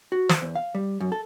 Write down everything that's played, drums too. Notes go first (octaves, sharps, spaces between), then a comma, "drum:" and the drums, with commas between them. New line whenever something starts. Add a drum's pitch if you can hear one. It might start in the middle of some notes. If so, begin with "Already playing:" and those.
F#4
C5, drum: snare
E2
F5
G3
F#2
A4